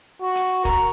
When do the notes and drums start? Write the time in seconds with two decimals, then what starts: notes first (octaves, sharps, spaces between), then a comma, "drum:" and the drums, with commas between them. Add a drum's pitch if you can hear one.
0.22 F#4
0.35 drum: hi-hat
0.65 A#4, drum: kick, hi-hat